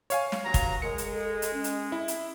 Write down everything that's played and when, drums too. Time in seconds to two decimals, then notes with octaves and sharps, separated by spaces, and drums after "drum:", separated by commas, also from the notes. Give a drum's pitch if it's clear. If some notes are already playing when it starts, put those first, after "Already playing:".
0.10 C#5 F5 G#5, drum: hi-hat
0.32 drum: snare
0.44 G2 F#3 A#5
0.54 drum: kick, hi-hat
0.82 G#3 A#4 C#7
0.98 drum: hi-hat
1.12 A4
1.42 drum: hi-hat
1.53 C#4
1.64 drum: hi-hat
1.92 E4
2.08 drum: hi-hat